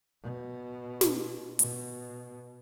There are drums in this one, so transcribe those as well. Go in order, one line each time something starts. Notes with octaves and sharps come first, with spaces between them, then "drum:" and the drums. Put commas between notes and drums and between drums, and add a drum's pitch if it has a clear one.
B2
drum: snare
B2, drum: hi-hat